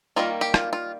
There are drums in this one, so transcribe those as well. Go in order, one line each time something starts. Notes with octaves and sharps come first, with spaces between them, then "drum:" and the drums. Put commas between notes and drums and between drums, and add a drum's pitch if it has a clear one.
D#3 G3 A#3 F4
G4
F4, drum: rim click
F4